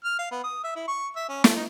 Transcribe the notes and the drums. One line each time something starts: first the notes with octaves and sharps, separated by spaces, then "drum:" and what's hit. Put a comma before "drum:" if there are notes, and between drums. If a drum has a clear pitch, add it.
F6
F5
B3
D#6
E5
E4
C#6
E5
C#4
A3, drum: snare
D#4